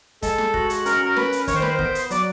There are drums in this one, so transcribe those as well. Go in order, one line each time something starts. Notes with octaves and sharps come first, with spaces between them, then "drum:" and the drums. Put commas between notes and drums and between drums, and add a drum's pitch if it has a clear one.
G#3 A4, drum: kick, hi-hat
drum: snare
F#4, drum: kick
drum: hi-hat
C#4 A#4, drum: hi-hat
A#4
A#4 B4, drum: snare
drum: hi-hat
D#3 C#5, drum: kick, hi-hat
C5
B4, drum: snare
C5
B3, drum: kick
drum: hi-hat
F#3 D5, drum: hi-hat